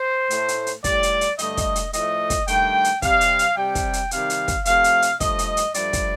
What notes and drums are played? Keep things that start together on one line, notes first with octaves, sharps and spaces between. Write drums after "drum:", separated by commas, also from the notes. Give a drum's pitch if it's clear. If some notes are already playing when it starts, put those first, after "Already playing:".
Already playing: C5
A2 A3, drum: hi-hat
drum: hi-hat
drum: hi-hat
A2 G3 D5, drum: kick, hi-hat
drum: hi-hat
drum: hi-hat
G2 D3 A3 D#5, drum: hi-hat
drum: kick, hi-hat
drum: hi-hat
A2 F3 A3 D#5, drum: hi-hat
drum: kick, hi-hat
G2 D#3 A3 G5, drum: hi-hat
drum: hi-hat
C3 G3 F5, drum: kick, hi-hat
drum: hi-hat
drum: hi-hat
C3 G3 G5
drum: kick, hi-hat
drum: hi-hat
C3 D#3 G3 F5, drum: hi-hat
drum: hi-hat
drum: kick, hi-hat
C3 F3 A3 F5, drum: hi-hat
drum: hi-hat
drum: hi-hat
G2 F3 A3 D#5, drum: kick, hi-hat
drum: hi-hat
drum: hi-hat
G2 F3 A3 D5, drum: hi-hat
drum: kick, hi-hat